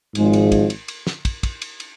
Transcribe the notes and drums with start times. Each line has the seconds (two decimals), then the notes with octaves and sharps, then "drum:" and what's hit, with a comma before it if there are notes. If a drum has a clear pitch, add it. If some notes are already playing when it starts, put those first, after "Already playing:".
0.15 G#1 G#2 F3 G#3, drum: cymbal
0.33 drum: cymbal
0.52 drum: kick, cymbal
0.70 drum: cymbal
0.88 drum: cymbal
1.07 drum: snare
1.25 drum: kick, cymbal
1.43 drum: kick, cymbal
1.62 drum: cymbal
1.80 drum: cymbal